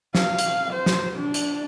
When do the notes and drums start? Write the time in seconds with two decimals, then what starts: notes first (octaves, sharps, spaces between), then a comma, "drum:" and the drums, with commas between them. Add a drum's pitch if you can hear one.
0.15 F5, drum: snare
0.39 drum: hi-hat
0.73 C5
0.86 drum: snare
1.16 D4
1.34 drum: hi-hat